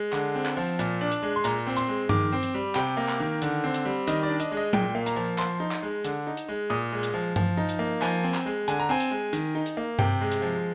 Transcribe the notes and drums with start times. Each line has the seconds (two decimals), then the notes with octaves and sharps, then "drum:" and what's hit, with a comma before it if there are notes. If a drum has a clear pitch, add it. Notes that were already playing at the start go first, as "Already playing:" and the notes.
Already playing: G#3
0.13 D3, drum: clap
0.35 C4
0.46 drum: clap
0.57 F3
0.79 A#2, drum: hi-hat
1.01 D4
1.11 drum: hi-hat
1.23 G#3
1.36 C6
1.44 A#2 A#5, drum: hi-hat
1.67 C4
1.77 C6, drum: hi-hat
1.88 G#3
2.09 D#3 D6, drum: tom G2
2.32 C4
2.43 drum: hi-hat
2.54 G3
2.75 C3 G5, drum: clap
2.97 A#3
3.09 drum: clap
3.20 D#3
3.42 D3, drum: hi-hat
3.64 C4
3.74 drum: hi-hat
3.85 G3
4.07 D#3 D#5, drum: hi-hat
4.23 D5
4.29 D4
4.40 D#5, drum: hi-hat
4.52 G#3
4.57 D#5
4.73 A#2 G5, drum: tom F#3
4.95 A#3
5.06 A#5, drum: hi-hat
5.16 F3
5.38 F3 C6, drum: clap
5.60 D#4
5.72 drum: clap
5.83 G#3
6.04 D3, drum: hi-hat
6.27 D#4
6.37 drum: hi-hat
6.49 G#3
6.70 A#2 D#6
6.92 G#3
7.03 drum: hi-hat
7.14 F3
7.36 F3, drum: tom G2
7.57 D#4
7.69 drum: hi-hat
7.79 A#3
8.02 F3 G#5, drum: clap
8.24 C4
8.34 drum: clap
8.46 G#3
8.68 D3 G#5, drum: hi-hat
8.80 A#5
8.89 C4 G#5
9.00 drum: hi-hat
9.11 G#3
9.33 D#3, drum: hi-hat
9.55 D#4
9.66 drum: hi-hat
9.77 A#3
9.99 C3 G5, drum: tom G2
10.21 G#3
10.32 drum: hi-hat
10.42 F3